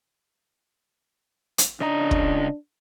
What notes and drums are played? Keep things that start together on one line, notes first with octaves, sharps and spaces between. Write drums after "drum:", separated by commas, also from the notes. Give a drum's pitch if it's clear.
drum: hi-hat
C#3 D4 D#5 A#5
drum: kick